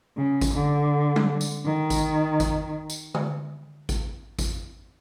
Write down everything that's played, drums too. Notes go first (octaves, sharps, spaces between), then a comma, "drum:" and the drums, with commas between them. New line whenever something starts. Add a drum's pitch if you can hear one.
C#3
drum: kick G#1, tambourine
D3
drum: tom F#3
drum: tambourine
D#3
drum: kick G#1, tambourine
drum: kick G#1, tambourine
drum: tambourine
drum: tom D3
drum: kick G#1, tambourine
drum: kick G#1, tambourine